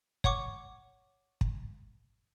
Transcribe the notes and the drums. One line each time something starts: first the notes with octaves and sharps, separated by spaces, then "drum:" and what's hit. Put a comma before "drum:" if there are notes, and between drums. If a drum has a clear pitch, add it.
C#5 F#5 C#6 D6, drum: kick
drum: kick